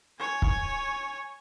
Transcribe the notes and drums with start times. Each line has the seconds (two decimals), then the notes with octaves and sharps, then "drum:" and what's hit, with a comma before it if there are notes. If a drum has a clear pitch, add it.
0.19 C#5 G#5
0.42 drum: kick